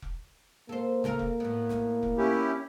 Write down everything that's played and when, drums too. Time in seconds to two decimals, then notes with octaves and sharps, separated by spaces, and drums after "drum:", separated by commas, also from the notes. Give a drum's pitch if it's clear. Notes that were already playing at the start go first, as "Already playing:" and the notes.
0.02 drum: kick F1
0.69 A#3 A4 C5
1.04 C#3 A4 A#4, drum: snare
1.19 drum: kick F1
1.40 A2 B3
1.69 drum: snare
2.03 drum: kick F1
2.18 C#4 E4 G4